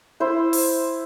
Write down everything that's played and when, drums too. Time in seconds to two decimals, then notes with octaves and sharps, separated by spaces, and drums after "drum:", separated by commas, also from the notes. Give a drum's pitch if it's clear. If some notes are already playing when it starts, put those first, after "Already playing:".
0.20 E4 C5
0.53 drum: open hi-hat